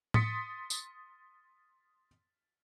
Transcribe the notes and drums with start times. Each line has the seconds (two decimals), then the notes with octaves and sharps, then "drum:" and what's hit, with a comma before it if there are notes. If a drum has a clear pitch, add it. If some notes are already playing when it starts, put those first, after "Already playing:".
0.14 C6 D#6 A6 B6 C#7, drum: tom A2
0.70 drum: tambourine